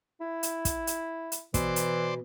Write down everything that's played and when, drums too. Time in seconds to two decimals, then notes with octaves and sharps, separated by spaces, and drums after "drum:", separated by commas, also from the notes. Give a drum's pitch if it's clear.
0.21 E4
0.43 drum: hi-hat
0.65 drum: kick, hi-hat
0.87 drum: hi-hat
1.32 drum: hi-hat
1.54 B2 E3 C5 D5, drum: kick, hi-hat
1.76 drum: hi-hat